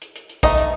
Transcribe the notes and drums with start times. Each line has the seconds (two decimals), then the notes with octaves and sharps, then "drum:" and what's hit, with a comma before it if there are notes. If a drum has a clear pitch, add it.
0.02 drum: hi-hat
0.16 drum: hi-hat
0.30 drum: hi-hat
0.43 A3 D#4 D#5, drum: kick, hi-hat
0.57 drum: hi-hat